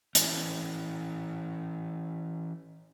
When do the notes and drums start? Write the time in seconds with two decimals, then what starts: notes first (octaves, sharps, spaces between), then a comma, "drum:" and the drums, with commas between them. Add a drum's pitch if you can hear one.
0.15 E3 C#4, drum: hi-hat